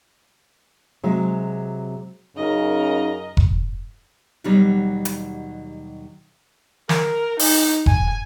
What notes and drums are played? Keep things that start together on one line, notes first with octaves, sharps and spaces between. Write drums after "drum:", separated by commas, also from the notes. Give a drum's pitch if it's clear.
C3 F#3 G#3
F#2 C#3 D#4 A#4 D#5
drum: kick F1
D#2 B2 F#3 G3 D#4
drum: hi-hat
A#4, drum: snare
D#4, drum: open hi-hat
G#5, drum: kick F1